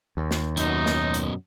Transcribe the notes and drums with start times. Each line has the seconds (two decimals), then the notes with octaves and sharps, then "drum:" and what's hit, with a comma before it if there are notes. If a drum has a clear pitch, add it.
0.17 D#2
0.31 drum: snare
0.57 F#2 B2 D#4, drum: hi-hat
0.86 drum: snare
1.14 drum: hi-hat